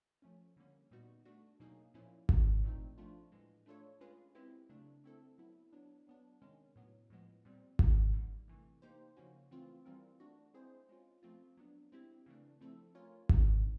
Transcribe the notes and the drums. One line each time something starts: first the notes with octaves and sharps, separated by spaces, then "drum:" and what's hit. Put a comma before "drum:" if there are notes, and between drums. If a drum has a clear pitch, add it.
F3 A3 C#4
D3 G3 A#3 C#4
A#2 G3 B3 D#4 F#4
A3 D4 F#4
B2 F#3 A#3 D#4 G#4
A#2 F3 A#3 C#4 E4
A2 F#3 A3 D4 F4, drum: kick G#1
A#2 F3 A3 C4 D#4
F3 A3 D4 F4
A2 E3 G#3
A3 D4 F4 A4 C#5
G#3 C#4 F4 G#4 B4
G#3 C4 E4 G4 B4
C#3 F#3 A3 D4
A3 C4 E4 A4
F#3 B3 E4
F#3 B3 D4
F#3 B3 D4
C3 D#3 G#3 C#4
A2 F#3 B3
A2 F3 G#3 B3
A#2 G3 C4
A2 F3 A#3 D#4 G4, drum: kick G#1
D3 G3 A#3
C3 E3 A3
A#3 D#4 G4 C5
C#3 F3 A#3 C#4 F#4
E3 A3 C4 F4
E3 G3 C4 F4 A#4
A3 D4 F#4
G#3 C4 E4 G#4 C5
G#3 C#4 F4
F3 A3 C4 F4
F#3 B3 D4
G#3 C4 E4 G4
C#3 E3 A3 D4
F3 A3 C4 E4 A4
A3 C#4 F4 A#4 C#5
E3 A3 C4 D#4, drum: kick G#1